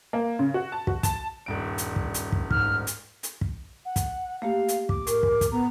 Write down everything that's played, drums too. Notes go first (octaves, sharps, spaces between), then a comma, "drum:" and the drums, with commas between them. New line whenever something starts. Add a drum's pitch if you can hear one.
A#3
C#3
F#4
A5
F#4, drum: kick
A5, drum: kick, hi-hat
D#1 G2 D7
drum: hi-hat
drum: kick
drum: hi-hat
drum: kick
G#2 F6, drum: kick
drum: hi-hat
drum: hi-hat
drum: kick
F#5
drum: kick, hi-hat
A3 A#3 G4 F5
drum: hi-hat
D6, drum: kick
A2 A#4, drum: hi-hat
drum: kick
drum: kick, hi-hat
B3 A#5